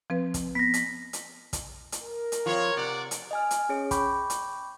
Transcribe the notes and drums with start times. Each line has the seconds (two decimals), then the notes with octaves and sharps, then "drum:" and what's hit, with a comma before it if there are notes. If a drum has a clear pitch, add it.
0.10 F3 C4 B4
0.34 drum: kick, hi-hat
0.55 B3 A#6 B6
0.74 drum: hi-hat
1.13 drum: hi-hat
1.53 drum: kick, hi-hat
1.92 drum: hi-hat
2.03 A#4
2.32 drum: hi-hat
2.46 F3 C4 C#5
2.77 C3 D5 F#5
3.11 drum: hi-hat
3.31 D#5 G#5 F6
3.51 drum: hi-hat
3.69 C#4 G#4 C#5 D7
3.91 G5 B5 C#6 D6 G6, drum: kick, hi-hat
4.30 drum: hi-hat